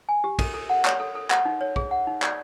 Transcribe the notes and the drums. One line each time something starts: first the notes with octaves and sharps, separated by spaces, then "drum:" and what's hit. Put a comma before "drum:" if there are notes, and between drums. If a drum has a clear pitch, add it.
G#5
G4
A4, drum: kick, cymbal
A4
F#5
C#5, drum: clap
A4
A4
F#5, drum: clap
D#4
C#5
G#4, drum: kick
F#5
D#4
D5, drum: clap